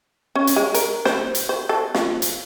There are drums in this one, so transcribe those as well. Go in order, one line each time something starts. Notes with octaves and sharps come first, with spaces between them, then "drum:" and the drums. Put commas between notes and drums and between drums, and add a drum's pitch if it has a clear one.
C#4
drum: hi-hat
G#3
A#4, drum: hi-hat
C5, drum: snare
drum: hi-hat
C5
A4
F3, drum: snare
drum: hi-hat